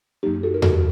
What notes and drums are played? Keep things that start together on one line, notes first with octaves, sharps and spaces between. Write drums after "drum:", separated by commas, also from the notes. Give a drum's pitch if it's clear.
F#2 F#3 A#3 D#4 G4
F#4 A4
A#4
F#4 A4, drum: tom E2
G4